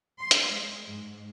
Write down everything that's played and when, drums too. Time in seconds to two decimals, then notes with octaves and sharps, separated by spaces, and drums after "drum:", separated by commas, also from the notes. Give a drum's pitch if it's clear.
0.20 C6
0.31 drum: hi-hat
0.50 G#3
0.86 G#2